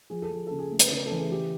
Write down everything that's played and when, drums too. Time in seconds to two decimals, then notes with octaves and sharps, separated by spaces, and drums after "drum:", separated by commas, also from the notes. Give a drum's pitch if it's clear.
0.10 F3 G#4
0.22 A4
0.30 F3 G#4
0.47 C#3 A4
0.59 G#4
0.71 A3
0.79 B4, drum: hi-hat
0.91 C#3 A#4
1.06 A4
1.12 E3
1.19 G#4
1.31 E3 G4